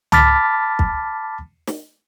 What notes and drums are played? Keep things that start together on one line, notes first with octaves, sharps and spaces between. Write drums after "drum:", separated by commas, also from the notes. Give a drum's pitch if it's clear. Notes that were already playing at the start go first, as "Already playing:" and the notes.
A5 B5 D6 F6 A6 B6, drum: tom
drum: kick
drum: snare